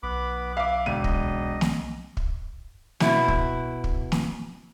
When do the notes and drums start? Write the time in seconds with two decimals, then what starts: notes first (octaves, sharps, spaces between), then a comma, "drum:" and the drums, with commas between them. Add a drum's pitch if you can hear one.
0.03 B1 B3 B5 D6
0.57 E5 F5 B5 D6
0.86 E1 D#7
1.04 B1 D#5, drum: kick
1.61 drum: snare
2.17 drum: kick
3.00 B2 E4, drum: snare
3.28 drum: kick
3.84 drum: kick
4.12 drum: snare